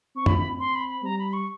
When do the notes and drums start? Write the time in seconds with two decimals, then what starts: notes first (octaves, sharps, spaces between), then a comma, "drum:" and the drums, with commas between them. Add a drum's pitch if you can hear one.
0.16 C4 C#6
0.26 B5, drum: tom
0.38 B5
0.59 C6
0.74 B5
0.89 B5
1.04 G3 A#5
1.18 B5
1.33 C#6